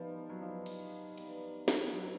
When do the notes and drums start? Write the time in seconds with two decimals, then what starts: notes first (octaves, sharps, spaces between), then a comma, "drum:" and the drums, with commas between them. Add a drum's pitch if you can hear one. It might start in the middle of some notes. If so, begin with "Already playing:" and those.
Already playing: F3 G3 B3 D#4
0.29 F#3
0.40 F3 G3 B3 D#4
0.66 drum: cymbal
1.18 G3 B3 D#4, drum: cymbal
1.68 drum: snare
1.93 F#3 G3 B3 D#4